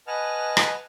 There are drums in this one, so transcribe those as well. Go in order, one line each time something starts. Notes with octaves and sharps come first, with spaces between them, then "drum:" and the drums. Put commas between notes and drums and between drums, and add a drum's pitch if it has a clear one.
B4 D#5 F#5 G#5 A5 F6
drum: rim click